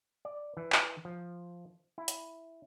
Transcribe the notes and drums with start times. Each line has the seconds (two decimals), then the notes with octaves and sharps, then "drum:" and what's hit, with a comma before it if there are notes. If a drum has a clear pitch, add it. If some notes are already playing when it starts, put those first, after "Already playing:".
0.25 D5
0.57 E3
0.72 drum: clap
1.05 F3
1.98 E4
2.08 drum: hi-hat